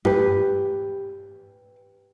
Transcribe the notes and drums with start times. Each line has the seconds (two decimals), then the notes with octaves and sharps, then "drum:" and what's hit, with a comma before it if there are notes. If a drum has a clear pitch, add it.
0.05 G4 B4, drum: tom G2